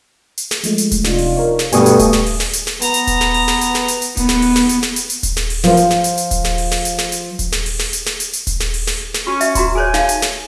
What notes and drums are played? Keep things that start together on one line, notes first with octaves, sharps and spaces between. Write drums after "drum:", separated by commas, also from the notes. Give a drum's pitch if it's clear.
drum: hi-hat
drum: snare
F3 G#3 A3, drum: hi-hat
drum: hi-hat
drum: kick D#1, hi-hat
C3 D4 D#4 F4, drum: snare
drum: open hi-hat
A#4 C#5
drum: snare
G2 B2 A3 G#5 C#6 D#6, drum: hi-hat
drum: hi-hat
drum: kick D#1, hi-hat
drum: snare
drum: open hi-hat
drum: snare
drum: hi-hat
drum: snare
B3 A#5, drum: hi-hat
drum: hi-hat
drum: kick D#1, hi-hat
drum: snare
drum: open hi-hat
drum: snare
drum: hi-hat
drum: snare
drum: hi-hat
drum: hi-hat
B3, drum: kick D#1, hi-hat
drum: snare
drum: open hi-hat
drum: snare
drum: hi-hat
drum: snare
drum: hi-hat
drum: hi-hat
drum: kick D#1, hi-hat
drum: snare
drum: open hi-hat
F3 C5, drum: snare
drum: hi-hat
drum: snare
drum: hi-hat
drum: hi-hat
drum: kick D#1, hi-hat
drum: snare
drum: open hi-hat
drum: snare
drum: hi-hat
drum: snare
drum: hi-hat
drum: kick D#1, hi-hat
drum: snare
drum: open hi-hat
drum: snare
drum: hi-hat
drum: snare
drum: hi-hat
drum: hi-hat
drum: kick D#1, hi-hat
drum: snare
drum: open hi-hat
drum: snare
drum: snare
C#4 F#4
E5, drum: hi-hat
F#4 A#5 C6, drum: kick D#1, hi-hat
G#4 C5 C#5 G#5
D#4 F5, drum: snare
drum: hi-hat
drum: snare